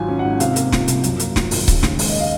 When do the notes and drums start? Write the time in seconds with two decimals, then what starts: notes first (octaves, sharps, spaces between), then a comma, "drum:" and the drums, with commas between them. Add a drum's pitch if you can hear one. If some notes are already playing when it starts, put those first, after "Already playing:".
Already playing: G#1 F#3 F4 G#5
0.09 C#4
0.19 F#5
0.24 G#2
0.40 C3 F5, drum: hi-hat
0.56 A#3, drum: hi-hat
0.72 F3, drum: snare
0.88 C2, drum: hi-hat
1.04 F#2, drum: hi-hat
1.20 A#3, drum: hi-hat
1.36 F3, drum: snare
1.51 G#1, drum: open hi-hat
1.68 C#3, drum: kick C#1, hi-hat
1.83 D#2, drum: snare
1.99 G#3, drum: open hi-hat
2.09 D#5
2.20 F5